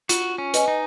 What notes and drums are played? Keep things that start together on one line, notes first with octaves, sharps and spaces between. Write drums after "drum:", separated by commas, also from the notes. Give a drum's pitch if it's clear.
F4 F#4, drum: hi-hat
C#4
B4 D#5 G#5, drum: hi-hat
D#4